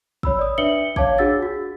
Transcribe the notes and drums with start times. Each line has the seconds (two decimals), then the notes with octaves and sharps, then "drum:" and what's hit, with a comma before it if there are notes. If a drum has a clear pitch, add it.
0.23 C#5 B5 E6, drum: kick
0.39 D5 D#6
0.58 D4 B4 E5 C#7 F#7 G7
0.96 C#5 F5 A5 D6 G#6, drum: kick
1.18 D4 F#4 G#4 F#5 E6 A6
1.42 F#4